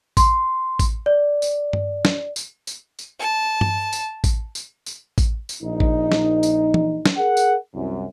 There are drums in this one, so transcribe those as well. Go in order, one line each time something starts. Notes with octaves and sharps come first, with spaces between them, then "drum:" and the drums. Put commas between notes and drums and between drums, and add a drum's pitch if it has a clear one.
C6, drum: kick A1, tambourine
drum: kick A1, tambourine
D5
drum: tambourine
drum: tom G2
drum: snare
drum: tambourine
drum: tambourine
drum: tambourine
A5
drum: tom G2
drum: tambourine
drum: kick A1, tambourine
drum: tambourine
drum: tambourine
drum: kick A1, tambourine
drum: tambourine
A#1 D#4
drum: kick A1
drum: snare
drum: tambourine
drum: tom
drum: snare
G#4 A#4 F#5
drum: tambourine
C2 F#2